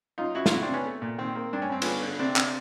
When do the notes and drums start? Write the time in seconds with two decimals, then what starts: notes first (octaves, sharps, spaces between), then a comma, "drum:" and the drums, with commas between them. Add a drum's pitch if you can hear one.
0.18 F#2 D#4 F4
0.35 F#2 E4 F#4
0.46 F4, drum: snare
0.52 C3 E4 F#4
0.63 C4 D4
0.69 C3 B3 C#4
0.85 A3
1.02 A#2
1.18 D#3 C4
1.36 A#3
1.53 G2 D4
1.62 C#4
1.70 G2 C4
1.82 D3 B3 C#4, drum: cymbal
2.03 D3
2.19 C3 C4 D4
2.36 C3, drum: clap